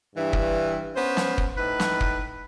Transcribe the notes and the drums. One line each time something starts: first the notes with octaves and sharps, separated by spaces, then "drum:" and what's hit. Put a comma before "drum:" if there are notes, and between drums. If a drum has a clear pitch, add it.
G2 E3
drum: kick
B3 C#4 C5
drum: snare
drum: kick
A2 D#4 B4
drum: snare
drum: kick